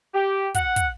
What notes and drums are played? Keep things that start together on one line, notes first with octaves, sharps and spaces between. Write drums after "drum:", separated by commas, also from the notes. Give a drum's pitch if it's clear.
G4
F#5, drum: kick, hi-hat
drum: kick, hi-hat